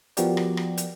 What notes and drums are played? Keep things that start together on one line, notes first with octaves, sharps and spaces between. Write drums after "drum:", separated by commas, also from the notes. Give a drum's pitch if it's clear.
F3 B3 F#4 G4 A#4 D5, drum: hi-hat
drum: rim click
drum: rim click
drum: hi-hat